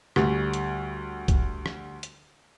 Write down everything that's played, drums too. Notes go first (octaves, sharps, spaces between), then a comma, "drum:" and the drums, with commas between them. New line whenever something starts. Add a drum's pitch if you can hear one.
D2 G3, drum: rim click
drum: hi-hat
drum: kick B1, hi-hat
drum: rim click
drum: hi-hat